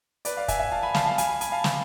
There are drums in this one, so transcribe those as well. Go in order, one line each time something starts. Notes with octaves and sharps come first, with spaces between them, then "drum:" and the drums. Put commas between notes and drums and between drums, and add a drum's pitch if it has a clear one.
B4 D5, drum: hi-hat
D5 F5
E5 G#5, drum: kick, hi-hat
E5 G#5
F5 A5
G#5 B5
F5 A5, drum: snare
F5 A5
G#5 B5, drum: hi-hat
G#5 B5, drum: hi-hat
F5 A5
drum: snare